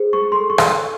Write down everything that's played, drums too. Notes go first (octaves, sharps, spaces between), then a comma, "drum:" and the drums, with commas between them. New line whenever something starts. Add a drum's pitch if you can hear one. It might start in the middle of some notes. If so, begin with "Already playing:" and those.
Already playing: G#4 C5
C#6
A4 C6
C#6
C6, drum: rim click
A4